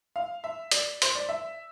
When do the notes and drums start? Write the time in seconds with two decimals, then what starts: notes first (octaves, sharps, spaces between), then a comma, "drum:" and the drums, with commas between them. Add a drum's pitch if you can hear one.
0.16 F5
0.44 E5
0.71 D5, drum: hi-hat
1.02 C5, drum: hi-hat
1.15 D5
1.29 E5